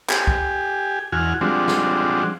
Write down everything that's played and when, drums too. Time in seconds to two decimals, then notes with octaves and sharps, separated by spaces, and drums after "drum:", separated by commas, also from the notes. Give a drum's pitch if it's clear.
0.09 G4 G#5, drum: clap
0.27 drum: kick
1.12 E2 F#4 G#5 F6
1.41 F3 G3 G#3 C4 D4 F#4
1.68 drum: snare